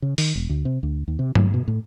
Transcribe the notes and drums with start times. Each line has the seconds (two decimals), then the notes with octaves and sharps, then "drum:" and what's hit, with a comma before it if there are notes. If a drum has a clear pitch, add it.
0.02 C#3
0.18 D#3, drum: open hi-hat
0.35 E1
0.49 D2
0.65 C3
0.83 D2
1.08 D#2
1.19 C3
1.35 F#3, drum: tom G2
1.54 B2
1.68 A2